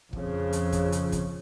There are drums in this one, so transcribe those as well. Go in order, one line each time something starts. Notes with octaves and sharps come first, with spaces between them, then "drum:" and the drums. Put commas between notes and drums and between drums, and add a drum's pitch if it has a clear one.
F2 C#3, drum: kick
drum: hi-hat
drum: kick, hi-hat
drum: hi-hat
drum: kick, hi-hat